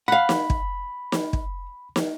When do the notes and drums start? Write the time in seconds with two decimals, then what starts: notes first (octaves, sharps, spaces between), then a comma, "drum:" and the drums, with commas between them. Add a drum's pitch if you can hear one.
0.08 F5 F#5 B5
0.29 drum: snare
0.50 drum: kick
1.12 drum: snare
1.33 drum: kick
1.96 drum: snare